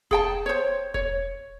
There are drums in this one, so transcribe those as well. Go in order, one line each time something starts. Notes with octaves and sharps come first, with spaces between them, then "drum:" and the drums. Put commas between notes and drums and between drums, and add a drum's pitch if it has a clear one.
G#4 G5 A5, drum: kick E1
C5 C#5
C#5, drum: kick E1